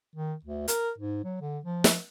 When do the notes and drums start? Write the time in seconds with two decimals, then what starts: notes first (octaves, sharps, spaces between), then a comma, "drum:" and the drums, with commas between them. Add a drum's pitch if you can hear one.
0.15 D#3
0.44 D2
0.68 A#4, drum: hi-hat
0.98 G#2
1.24 F#3
1.41 D3
1.65 F3
1.84 drum: snare